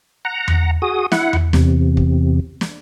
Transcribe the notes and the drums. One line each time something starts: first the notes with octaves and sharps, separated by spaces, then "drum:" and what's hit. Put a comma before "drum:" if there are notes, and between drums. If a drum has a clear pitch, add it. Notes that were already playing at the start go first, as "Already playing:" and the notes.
F#5 A#5
drum: tom E2
F#4 G#4 D#6
E4 F#5, drum: snare
drum: tom E2
E2 C3, drum: snare
drum: kick
drum: snare